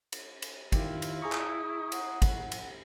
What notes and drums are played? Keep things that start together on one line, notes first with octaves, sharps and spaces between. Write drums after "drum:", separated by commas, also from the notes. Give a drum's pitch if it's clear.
drum: cymbal
drum: cymbal
D#3 E4 F4 G4, drum: kick, cymbal
drum: cymbal
G#4 A#5 C#6 D#6
drum: clap
F#5, drum: cymbal
drum: kick, cymbal
drum: cymbal